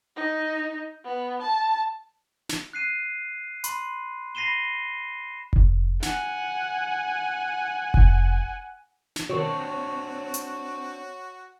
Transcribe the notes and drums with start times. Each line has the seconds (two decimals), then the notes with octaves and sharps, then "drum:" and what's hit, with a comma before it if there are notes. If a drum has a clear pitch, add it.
0.17 D#4
1.04 B3
1.42 A5
2.49 drum: snare
2.73 F#6 C7 D#7
3.64 B5 C6, drum: hi-hat
4.35 B5 A#6 C7 D#7 E7 G7
5.53 drum: kick F1
6.02 F#5 G#5, drum: snare
7.94 drum: kick F1
9.16 drum: snare
9.29 B2 D#3 C4 D4 F#4 C#5 C#6
10.34 drum: hi-hat